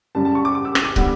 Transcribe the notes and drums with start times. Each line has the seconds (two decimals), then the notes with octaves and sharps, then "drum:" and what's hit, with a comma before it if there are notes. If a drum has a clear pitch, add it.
0.15 F#2 C#3 G3 A5
0.25 A5
0.35 C#6
0.45 D6
0.55 D6
0.65 E6
0.75 E6, drum: rim click
0.85 D6
0.96 D3 G3 B3, drum: kick